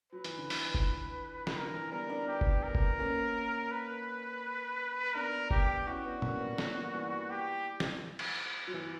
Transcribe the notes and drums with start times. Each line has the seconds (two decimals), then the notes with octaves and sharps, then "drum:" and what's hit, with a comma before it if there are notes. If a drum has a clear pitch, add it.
0.12 F#3 B4
0.24 E3, drum: hi-hat
0.38 D3
0.50 E3, drum: open hi-hat
0.74 drum: kick
1.47 drum: snare
1.56 D3 A#4
1.74 E3
1.91 G3 B3 A#4
2.09 B3 D4
2.28 G4
2.41 drum: kick
2.63 A#4
2.75 drum: kick
2.99 A#3 C#4
3.71 B4
5.15 B3 D4 A#4
5.51 G4, drum: kick
5.87 C#4 E4 F#4
6.05 B3 D4
6.22 A#3 C#4, drum: tom A#2
6.40 G3 B3
6.58 F#3 A#3, drum: snare
6.94 E3 G3
7.30 G4
7.80 drum: snare
8.19 drum: cymbal
8.68 F#3
8.74 E3